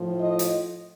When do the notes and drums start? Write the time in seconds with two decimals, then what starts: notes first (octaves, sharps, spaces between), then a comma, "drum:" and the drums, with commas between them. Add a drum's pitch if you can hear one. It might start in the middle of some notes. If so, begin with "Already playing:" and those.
Already playing: A2 F3
0.21 D#5
0.39 drum: hi-hat